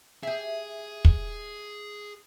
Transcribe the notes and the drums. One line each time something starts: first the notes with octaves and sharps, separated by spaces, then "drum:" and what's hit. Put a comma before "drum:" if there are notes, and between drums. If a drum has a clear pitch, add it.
G4 G#4 E5
drum: kick